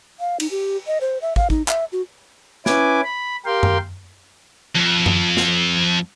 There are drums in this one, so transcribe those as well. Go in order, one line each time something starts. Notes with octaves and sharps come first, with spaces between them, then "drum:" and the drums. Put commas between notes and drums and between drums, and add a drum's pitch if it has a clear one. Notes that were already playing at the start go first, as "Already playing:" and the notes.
F5
D#4, drum: cymbal
G4
D#5
C5
E5
F5, drum: kick
D#4, drum: kick
E5, drum: clap
F#4
C#4 E4 B4 G#5 D6, drum: snare
B5
G4 A#4 F5 G5 C6
drum: tom F#2
F2
drum: tom F#2
drum: snare